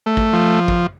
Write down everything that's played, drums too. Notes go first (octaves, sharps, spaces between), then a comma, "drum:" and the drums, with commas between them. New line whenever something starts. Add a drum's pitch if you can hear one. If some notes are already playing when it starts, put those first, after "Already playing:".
A3
drum: kick
F3
drum: kick